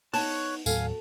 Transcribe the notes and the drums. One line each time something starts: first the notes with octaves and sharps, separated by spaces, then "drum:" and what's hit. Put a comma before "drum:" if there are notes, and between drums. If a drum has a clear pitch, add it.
B3 D#4 C#5 A5 C#6 F#6, drum: open hi-hat
D#2 A2 F#3 F#4 A4 F5 G#5, drum: tambourine